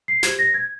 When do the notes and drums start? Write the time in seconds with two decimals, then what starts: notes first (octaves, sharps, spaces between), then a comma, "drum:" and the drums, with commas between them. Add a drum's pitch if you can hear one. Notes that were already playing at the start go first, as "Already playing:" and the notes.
0.08 C7
0.23 G4 C5 G#6, drum: snare
0.39 A#6
0.54 G#6